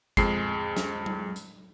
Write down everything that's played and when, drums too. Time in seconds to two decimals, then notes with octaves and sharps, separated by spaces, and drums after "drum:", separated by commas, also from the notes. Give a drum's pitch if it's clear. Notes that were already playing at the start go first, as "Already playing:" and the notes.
0.17 F2 G#3 C7, drum: kick, hi-hat
0.77 drum: snare
1.06 drum: tom F#3
1.36 drum: hi-hat